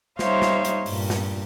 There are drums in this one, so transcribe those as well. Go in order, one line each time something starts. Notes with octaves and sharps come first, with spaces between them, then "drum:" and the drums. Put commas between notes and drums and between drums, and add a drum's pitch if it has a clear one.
G3 D#4 C5 C#5 E5 F5, drum: snare
drum: snare
drum: hi-hat
G2 A#2, drum: open hi-hat
drum: snare